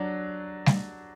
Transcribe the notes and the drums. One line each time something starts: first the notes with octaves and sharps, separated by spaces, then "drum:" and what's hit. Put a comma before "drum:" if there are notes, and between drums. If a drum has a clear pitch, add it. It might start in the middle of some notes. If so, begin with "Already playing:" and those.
Already playing: F#3 D4
drum: snare